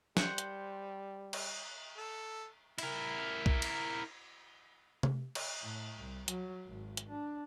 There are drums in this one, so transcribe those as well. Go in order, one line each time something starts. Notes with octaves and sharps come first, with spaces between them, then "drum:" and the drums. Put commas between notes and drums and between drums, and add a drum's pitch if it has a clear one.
G3 C5 F#5, drum: snare
drum: hi-hat
drum: cymbal
A4
E4 A#4, drum: cymbal
drum: kick B1
drum: cymbal
drum: tom C3
drum: cymbal
A2
C2
F#3, drum: hi-hat
G#1
drum: hi-hat
D4